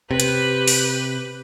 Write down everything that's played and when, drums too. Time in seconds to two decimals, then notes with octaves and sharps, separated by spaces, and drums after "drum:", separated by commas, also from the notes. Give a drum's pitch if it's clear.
0.11 C3 G4 B4
0.20 drum: hi-hat
0.68 drum: open hi-hat